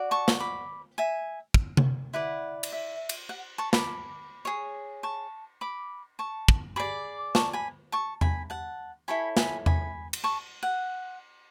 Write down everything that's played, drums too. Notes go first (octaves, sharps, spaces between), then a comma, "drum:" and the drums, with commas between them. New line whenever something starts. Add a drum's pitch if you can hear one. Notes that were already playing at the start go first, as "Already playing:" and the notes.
Already playing: F#4 D5
A5 C#6
drum: snare
B5 D6
E5 G#5
drum: kick
drum: tom C3
E4 B4 D5 F#5
drum: cymbal
E5
drum: cymbal
F#5
A5 C#6
B5 D6, drum: snare
G#4 C#5
A5 C#6
B5 D6
A5 C#6
drum: kick
G#4 D5 B5 D6
A5 C#6, drum: snare
G#5 B5
A5 C#6
G#5 B5, drum: tom E2
F#5 A5
E4 A4 C#5 G#5 B5
G#5 B5, drum: snare
G#5 B5, drum: tom E2
drum: cymbal
A5 C#6
F#5